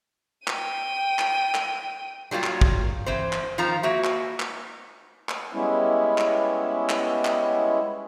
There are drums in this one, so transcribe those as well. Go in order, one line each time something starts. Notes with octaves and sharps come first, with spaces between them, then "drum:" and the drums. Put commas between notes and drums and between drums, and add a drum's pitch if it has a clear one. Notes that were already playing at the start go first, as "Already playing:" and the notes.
G5 D#7, drum: clap
drum: clap
drum: clap
F#3 G3 A#3 F4 G4
drum: clap
drum: kick
E3 C4 C5
drum: clap
D#3 F3 C4 F4 A#5
A#3 F#4 E5
drum: clap
drum: clap
drum: clap
G3 G#3 B3 C#4 E4
drum: clap
drum: clap
drum: clap